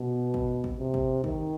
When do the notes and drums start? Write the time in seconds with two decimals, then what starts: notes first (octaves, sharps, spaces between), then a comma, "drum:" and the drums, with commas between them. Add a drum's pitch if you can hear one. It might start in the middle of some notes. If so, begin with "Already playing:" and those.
Already playing: B2
0.34 drum: kick
0.64 drum: kick
0.79 C3
0.94 drum: kick
1.24 D#3, drum: kick